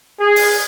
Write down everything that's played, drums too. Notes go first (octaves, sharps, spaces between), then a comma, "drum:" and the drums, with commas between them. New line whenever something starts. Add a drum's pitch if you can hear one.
G#4
drum: open hi-hat